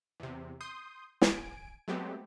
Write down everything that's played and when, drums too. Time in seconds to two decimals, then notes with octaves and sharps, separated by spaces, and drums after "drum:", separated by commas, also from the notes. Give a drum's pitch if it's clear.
0.20 E2 C3
0.61 C6 D#6 G6
1.22 G#5 D7, drum: snare
1.88 F#3 G#3 A3 B3 C4 G4